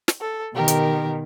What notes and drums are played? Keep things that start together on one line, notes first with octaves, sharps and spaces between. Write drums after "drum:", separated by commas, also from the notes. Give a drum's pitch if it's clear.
drum: snare
A4
B2 D#3 G4 A#4
drum: hi-hat